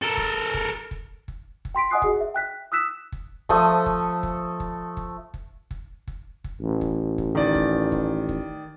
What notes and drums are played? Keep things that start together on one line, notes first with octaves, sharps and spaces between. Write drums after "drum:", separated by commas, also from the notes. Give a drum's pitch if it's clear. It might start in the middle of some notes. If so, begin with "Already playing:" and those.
A4 A#4
drum: kick F#1
drum: kick F#1
drum: kick F#1
drum: kick F#1
drum: kick F#1
G5 C6 B6 D7
D#5 F#5 G#5 D#6 F#6 C7
F#4 G#4 D#5, drum: kick F#1
E5
G5 F#6 B6
D#6 E6 F#6 B6 E7
drum: kick F#1
F3 A3 D#6, drum: kick F#1
drum: kick F#1
drum: kick F#1
drum: kick F#1
drum: kick F#1
drum: kick F#1
drum: kick F#1
drum: kick F#1
drum: kick F#1
A1
drum: kick F#1
drum: kick F#1
D#3 D5
drum: kick F#1
drum: kick F#1
drum: kick F#1